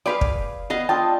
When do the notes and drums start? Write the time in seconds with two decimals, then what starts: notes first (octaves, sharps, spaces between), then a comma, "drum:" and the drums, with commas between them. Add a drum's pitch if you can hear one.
0.06 G#4 B4 D5 F5 G5 B5
0.21 drum: kick
0.70 B3 G#4 B4 D#5 F5
0.89 D4 F4 G5 A5 D#6 E6